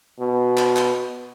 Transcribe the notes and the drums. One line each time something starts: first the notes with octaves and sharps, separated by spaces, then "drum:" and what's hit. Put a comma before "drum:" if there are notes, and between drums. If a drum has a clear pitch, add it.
B2
drum: clap
drum: clap